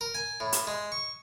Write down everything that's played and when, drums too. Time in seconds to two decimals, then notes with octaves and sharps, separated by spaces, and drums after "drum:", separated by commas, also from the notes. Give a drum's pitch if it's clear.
0.01 A#4
0.15 G#5
0.40 A2
0.53 drum: hi-hat
0.67 G#3
0.92 C#6